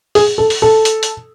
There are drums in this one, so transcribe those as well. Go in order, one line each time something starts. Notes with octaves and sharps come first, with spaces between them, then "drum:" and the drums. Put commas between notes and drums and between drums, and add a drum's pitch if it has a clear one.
G#4, drum: open hi-hat
A4
drum: open hi-hat
A4
drum: hi-hat
drum: hi-hat